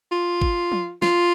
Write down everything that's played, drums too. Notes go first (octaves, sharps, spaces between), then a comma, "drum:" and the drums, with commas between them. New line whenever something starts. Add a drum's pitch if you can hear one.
F4
drum: kick
drum: tom F3
F4, drum: snare